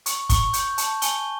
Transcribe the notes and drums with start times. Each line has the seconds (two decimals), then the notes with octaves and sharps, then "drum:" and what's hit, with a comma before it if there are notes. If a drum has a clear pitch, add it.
0.06 C#6, drum: hi-hat
0.30 C#6, drum: kick, hi-hat
0.53 G6, drum: hi-hat
0.78 A5, drum: hi-hat
1.02 G#5 G7, drum: hi-hat